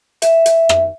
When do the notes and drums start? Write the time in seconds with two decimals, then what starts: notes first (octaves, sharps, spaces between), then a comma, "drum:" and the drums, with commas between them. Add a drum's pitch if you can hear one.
0.22 E5, drum: hi-hat
0.46 drum: hi-hat
0.69 drum: rim click